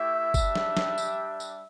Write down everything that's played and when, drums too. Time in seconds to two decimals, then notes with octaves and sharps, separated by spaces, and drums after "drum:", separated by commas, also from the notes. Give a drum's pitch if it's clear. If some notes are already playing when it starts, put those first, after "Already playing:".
Already playing: A3 E4 G4 E5
0.34 G3 D4 G4, drum: kick G1, tambourine
0.55 drum: snare
0.77 drum: snare
0.98 drum: tambourine
1.40 drum: tambourine